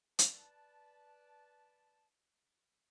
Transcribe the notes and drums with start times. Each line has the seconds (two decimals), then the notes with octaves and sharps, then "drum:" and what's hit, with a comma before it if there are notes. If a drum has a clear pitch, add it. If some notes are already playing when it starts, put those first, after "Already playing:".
0.19 B4 D5 A5, drum: hi-hat